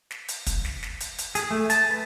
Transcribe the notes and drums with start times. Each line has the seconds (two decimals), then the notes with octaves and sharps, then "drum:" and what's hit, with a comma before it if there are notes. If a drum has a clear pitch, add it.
0.11 drum: snare
0.29 drum: hi-hat
0.47 drum: kick, hi-hat
0.65 drum: snare
0.83 drum: snare
1.01 drum: hi-hat
1.19 drum: hi-hat
1.35 G#4, drum: hi-hat
1.51 A3
1.70 A5, drum: hi-hat
1.91 B4